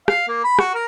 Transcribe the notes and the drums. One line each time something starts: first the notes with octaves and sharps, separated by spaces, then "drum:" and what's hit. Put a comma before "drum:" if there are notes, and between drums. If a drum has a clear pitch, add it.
F5, drum: rim click
A#3
B5
F#4, drum: rim click
A#4